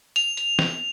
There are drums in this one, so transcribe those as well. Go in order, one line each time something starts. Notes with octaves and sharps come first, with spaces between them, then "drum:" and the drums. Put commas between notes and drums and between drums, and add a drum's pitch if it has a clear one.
F7, drum: hi-hat
drum: hi-hat
drum: snare